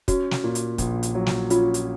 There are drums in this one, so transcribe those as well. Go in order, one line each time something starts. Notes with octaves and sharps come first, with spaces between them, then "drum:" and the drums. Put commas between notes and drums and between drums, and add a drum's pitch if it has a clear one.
C#4 F#4, drum: kick, hi-hat
drum: snare
A#2
drum: hi-hat
A#1, drum: kick, hi-hat
drum: hi-hat
F#3
drum: snare
C#4 F4, drum: hi-hat
drum: hi-hat